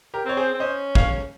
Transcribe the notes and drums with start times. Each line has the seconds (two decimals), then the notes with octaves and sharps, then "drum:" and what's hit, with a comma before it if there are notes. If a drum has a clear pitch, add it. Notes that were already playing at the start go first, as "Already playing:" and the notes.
0.14 G4 A#4
0.25 C4 C#5
0.37 G#4 C5
0.54 C4
0.60 C#4 C5 D#5
0.95 C#5 F5, drum: kick A1